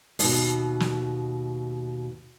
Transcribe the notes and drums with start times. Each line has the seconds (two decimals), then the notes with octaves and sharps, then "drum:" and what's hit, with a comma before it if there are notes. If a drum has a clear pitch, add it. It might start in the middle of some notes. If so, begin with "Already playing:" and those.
0.19 D#2 B2, drum: open hi-hat
0.80 drum: snare